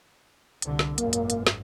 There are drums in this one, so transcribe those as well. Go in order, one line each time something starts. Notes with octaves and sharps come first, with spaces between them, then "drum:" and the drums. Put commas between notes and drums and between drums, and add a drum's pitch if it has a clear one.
C2 D3, drum: hi-hat
drum: snare
G#1 F#2 A#2 A#3, drum: hi-hat
drum: hi-hat
drum: hi-hat
drum: snare